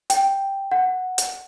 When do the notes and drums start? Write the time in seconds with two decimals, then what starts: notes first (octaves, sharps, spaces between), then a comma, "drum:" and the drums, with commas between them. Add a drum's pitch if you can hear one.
0.10 G5, drum: hi-hat
0.72 F#5
1.18 drum: hi-hat